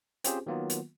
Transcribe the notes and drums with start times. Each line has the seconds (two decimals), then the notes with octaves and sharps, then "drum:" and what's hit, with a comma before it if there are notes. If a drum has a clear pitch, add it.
0.24 C4 C#4 F4 G4 G#4 C5, drum: hi-hat
0.46 D#3 F#3 A#3 B3 F4
0.70 drum: hi-hat